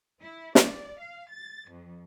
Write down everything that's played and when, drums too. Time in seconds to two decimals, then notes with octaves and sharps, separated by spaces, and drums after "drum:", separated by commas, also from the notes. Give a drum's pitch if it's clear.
0.22 E4
0.55 D5, drum: snare
0.99 F5
1.32 A6
1.69 F2